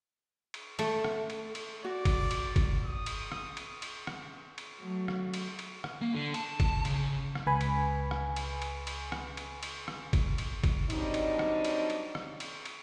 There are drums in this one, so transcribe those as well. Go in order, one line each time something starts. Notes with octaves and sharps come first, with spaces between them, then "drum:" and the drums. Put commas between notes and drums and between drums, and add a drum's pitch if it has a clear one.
drum: cymbal
A3, drum: cymbal
drum: rim click
drum: cymbal
drum: cymbal
F#4 D5
drum: kick, cymbal
drum: cymbal
drum: kick, cymbal
D#6
drum: cymbal
drum: rim click
drum: cymbal
drum: cymbal
drum: rim click
drum: cymbal
F#3 A3
drum: rim click
drum: cymbal
drum: cymbal
drum: rim click
A#3
D3
A5, drum: cymbal
drum: kick, cymbal
C#3, drum: cymbal
drum: rim click
C#2 B4 G#5 B5
drum: cymbal
drum: rim click
drum: cymbal
drum: cymbal
drum: cymbal
drum: rim click
drum: cymbal
drum: cymbal
drum: rim click
drum: kick, cymbal
drum: cymbal
drum: kick, cymbal
F#3 G3 C4 D4 D#4, drum: cymbal
drum: cymbal
drum: rim click
drum: cymbal
drum: cymbal
drum: rim click
drum: cymbal
drum: cymbal